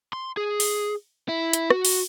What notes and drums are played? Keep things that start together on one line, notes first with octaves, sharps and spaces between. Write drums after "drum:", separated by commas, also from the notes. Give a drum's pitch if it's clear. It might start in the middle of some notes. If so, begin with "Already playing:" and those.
C6
G#4
drum: open hi-hat
E4
drum: hi-hat
F#4, drum: rim click
drum: open hi-hat